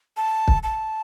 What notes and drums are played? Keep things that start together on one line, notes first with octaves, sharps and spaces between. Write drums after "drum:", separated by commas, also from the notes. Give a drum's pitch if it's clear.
A5
drum: kick
A5